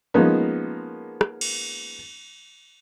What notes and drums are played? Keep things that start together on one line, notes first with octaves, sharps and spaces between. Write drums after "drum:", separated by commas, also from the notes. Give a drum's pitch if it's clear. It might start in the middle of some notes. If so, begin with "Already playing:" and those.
F3 G#3 A#3 B3 C#4 D#4
drum: rim click
drum: cymbal